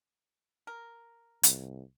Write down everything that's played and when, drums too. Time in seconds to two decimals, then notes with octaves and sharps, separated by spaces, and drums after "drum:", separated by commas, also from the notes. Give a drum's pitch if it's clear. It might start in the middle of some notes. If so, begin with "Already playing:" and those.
0.67 A#4
1.43 C2, drum: hi-hat